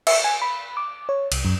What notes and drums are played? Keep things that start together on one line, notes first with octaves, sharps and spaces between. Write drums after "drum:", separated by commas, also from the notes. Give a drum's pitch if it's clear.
E5, drum: cymbal
G#5
B5
D6
C#5
C2, drum: cymbal
F#2